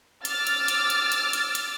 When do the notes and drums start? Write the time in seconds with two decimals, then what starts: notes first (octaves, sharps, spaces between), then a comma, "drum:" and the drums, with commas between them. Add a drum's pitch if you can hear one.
0.25 D6 E6 F6 A6, drum: hi-hat
0.47 drum: hi-hat
0.68 drum: hi-hat
0.90 drum: hi-hat
1.12 drum: hi-hat
1.33 drum: hi-hat
1.55 drum: hi-hat